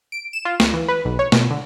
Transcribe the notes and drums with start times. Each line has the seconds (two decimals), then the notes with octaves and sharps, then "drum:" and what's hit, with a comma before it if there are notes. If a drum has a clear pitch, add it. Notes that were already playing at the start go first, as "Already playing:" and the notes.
0.12 D7
0.33 E7
0.45 F4
0.60 D2, drum: snare
0.74 E3
0.88 B4
1.05 B1
1.19 C#5
1.32 B2, drum: snare
1.51 D3